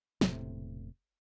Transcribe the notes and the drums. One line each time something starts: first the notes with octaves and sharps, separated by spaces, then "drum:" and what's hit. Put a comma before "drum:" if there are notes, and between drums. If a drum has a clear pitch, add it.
E1 A2 C3, drum: snare